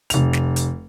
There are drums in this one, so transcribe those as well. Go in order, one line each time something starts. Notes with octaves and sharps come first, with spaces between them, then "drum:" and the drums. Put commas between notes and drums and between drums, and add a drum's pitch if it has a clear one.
F1 F7, drum: hi-hat
drum: snare
drum: hi-hat